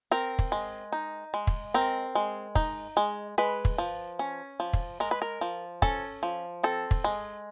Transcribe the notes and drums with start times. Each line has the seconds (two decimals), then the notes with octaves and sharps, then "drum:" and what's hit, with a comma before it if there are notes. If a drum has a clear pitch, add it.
0.11 C4 A#4
0.39 drum: kick
0.52 G#3
0.92 D#4
1.34 G#3
1.47 drum: kick
1.74 C4 A#4
2.15 G#3
2.55 D#4, drum: kick
2.97 G#3
3.38 G#3 B4
3.65 drum: kick
3.78 F3
4.19 C#4
4.60 F3
4.73 drum: kick
5.00 G#3 A#4
5.11 B4
5.22 A#4
5.41 F3
5.82 C#4 A4, drum: kick
6.23 F3
6.63 C4 A4
6.91 drum: kick
7.04 G#3